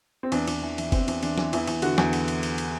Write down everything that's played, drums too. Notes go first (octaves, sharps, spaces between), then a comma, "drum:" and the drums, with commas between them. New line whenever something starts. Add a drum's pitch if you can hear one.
C4
E2 D4, drum: cymbal
E2, drum: cymbal
E3
E3, drum: cymbal
E2 C4, drum: kick F#1, cymbal
E2, drum: cymbal
E3 D4, drum: cymbal
E3, drum: snare
E2 E4, drum: cymbal
E2, drum: cymbal
D3 F#4, drum: cymbal
E2, drum: snare
drum: cymbal
drum: cymbal
drum: cymbal
drum: cymbal